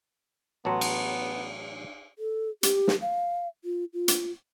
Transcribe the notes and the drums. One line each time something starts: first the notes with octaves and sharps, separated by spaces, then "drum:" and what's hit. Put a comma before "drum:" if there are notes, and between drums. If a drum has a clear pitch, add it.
A1 F#3 B3 F#4 A5 A#5 C6
drum: cymbal
A4
G4, drum: hi-hat
drum: snare
F5
F4
F4
drum: hi-hat